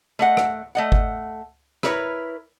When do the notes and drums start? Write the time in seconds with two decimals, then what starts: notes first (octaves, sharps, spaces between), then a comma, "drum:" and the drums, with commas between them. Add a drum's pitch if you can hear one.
0.19 A3 D#5 F#5
0.37 drum: rim click
0.75 A3 D#5 F#5
0.92 drum: kick G1
1.83 E4 A#4 B4 C#5, drum: rim click